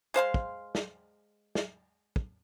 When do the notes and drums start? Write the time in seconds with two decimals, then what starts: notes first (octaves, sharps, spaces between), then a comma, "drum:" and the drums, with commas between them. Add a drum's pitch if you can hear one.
0.14 G#3 C5 F5 C6
0.34 drum: kick
0.75 drum: snare
1.55 drum: snare
2.16 drum: kick